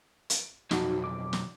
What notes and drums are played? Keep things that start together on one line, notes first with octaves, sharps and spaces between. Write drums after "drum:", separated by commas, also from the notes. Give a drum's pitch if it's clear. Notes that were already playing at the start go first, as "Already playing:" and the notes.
drum: hi-hat
B1 F2 D#4 F#4, drum: snare
D6
drum: snare